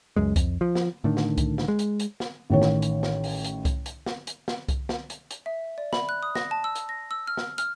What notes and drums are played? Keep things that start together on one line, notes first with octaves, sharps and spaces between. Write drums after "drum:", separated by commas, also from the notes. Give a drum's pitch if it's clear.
C#2 F#2 G#3
F2, drum: kick C2, hi-hat
F3
drum: snare
A2 D3 D#3
drum: snare
drum: kick C2, hi-hat
drum: snare
G#3
drum: hi-hat
drum: hi-hat
drum: snare
A1 D#3 C#5
drum: snare
drum: hi-hat
drum: snare
drum: open hi-hat
drum: hi-hat
drum: kick C2, hi-hat
drum: hi-hat
drum: snare
drum: hi-hat
drum: snare
drum: kick C2, hi-hat
drum: snare
drum: hi-hat
drum: hi-hat
E5
D5
B5, drum: snare
F#6
D#6
A#6, drum: snare
A5
E6
drum: hi-hat
A#6
E6
F6
drum: snare
F6, drum: hi-hat